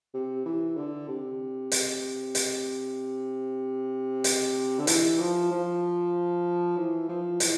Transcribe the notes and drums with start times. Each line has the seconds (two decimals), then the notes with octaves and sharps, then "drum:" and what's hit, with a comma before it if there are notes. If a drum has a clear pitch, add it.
0.13 C3
0.45 E3
0.77 D3
1.08 C3
1.72 drum: hi-hat
2.35 drum: hi-hat
4.24 drum: hi-hat
4.79 D3
4.87 E3, drum: hi-hat
5.19 F3
5.51 F3
6.77 E3
7.09 F3
7.40 E3, drum: hi-hat